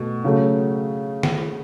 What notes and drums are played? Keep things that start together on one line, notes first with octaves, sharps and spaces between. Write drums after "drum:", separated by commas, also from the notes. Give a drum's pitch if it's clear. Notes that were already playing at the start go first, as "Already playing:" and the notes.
Already playing: B2 A3
C#3 F#3 A3
drum: snare